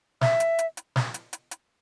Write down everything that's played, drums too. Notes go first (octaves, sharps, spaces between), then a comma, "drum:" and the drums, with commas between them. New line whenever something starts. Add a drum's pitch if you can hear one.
E5, drum: snare
drum: hi-hat
drum: hi-hat
drum: hi-hat
drum: snare
drum: hi-hat
drum: hi-hat
drum: hi-hat